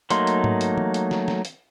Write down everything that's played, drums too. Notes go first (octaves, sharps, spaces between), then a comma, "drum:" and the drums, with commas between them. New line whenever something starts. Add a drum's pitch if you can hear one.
F#3 A3 A#3 D#4 C6, drum: hi-hat
drum: hi-hat
drum: tom G#2
drum: hi-hat
drum: tom
drum: hi-hat
drum: snare
drum: snare
drum: hi-hat